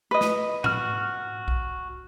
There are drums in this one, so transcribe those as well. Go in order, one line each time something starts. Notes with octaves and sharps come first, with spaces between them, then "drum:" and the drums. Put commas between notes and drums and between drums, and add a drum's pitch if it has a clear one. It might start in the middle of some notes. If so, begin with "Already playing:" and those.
B4 D#5
drum: snare
F#4 F6, drum: tom G#2
drum: kick B1